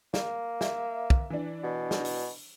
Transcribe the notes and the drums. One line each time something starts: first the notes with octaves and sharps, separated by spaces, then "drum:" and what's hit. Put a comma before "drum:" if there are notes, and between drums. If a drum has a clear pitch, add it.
A#3, drum: snare
E5, drum: snare
drum: kick
E3 D4
B2
drum: snare
drum: open hi-hat